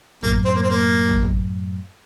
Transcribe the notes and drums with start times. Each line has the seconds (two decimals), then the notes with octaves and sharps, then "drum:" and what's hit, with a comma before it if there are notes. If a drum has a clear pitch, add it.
0.23 F#2 A2 A#3, drum: kick
0.45 C4
0.55 A#3
0.63 C4
0.70 A#3
1.09 drum: kick
1.23 drum: kick